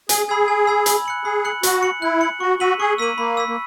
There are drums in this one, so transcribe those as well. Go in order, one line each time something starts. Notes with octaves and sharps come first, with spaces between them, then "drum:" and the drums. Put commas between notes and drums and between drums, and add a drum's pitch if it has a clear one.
G#4 G#5, drum: hi-hat
G#4 B5 E6 G#6
G#5
B5 E6 G#6
B5, drum: hi-hat
F#6 C#7 F#7
G#4 B5
F#6 C#7 F#7
F#4 F#6, drum: hi-hat
C#7 F#7
E4 F#6
C#7 F#7
F#4 C#6
F#4 E6 B6 D#7 F#7
G#4 C#6
A#3 E6 B6 D#7 F#7
A#3 B5
E6 B6
A#3